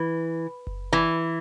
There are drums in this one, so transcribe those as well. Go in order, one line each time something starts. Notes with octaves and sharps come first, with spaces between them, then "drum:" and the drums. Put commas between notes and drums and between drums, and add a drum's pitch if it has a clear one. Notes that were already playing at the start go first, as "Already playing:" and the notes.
Already playing: E3
drum: kick F#1
E3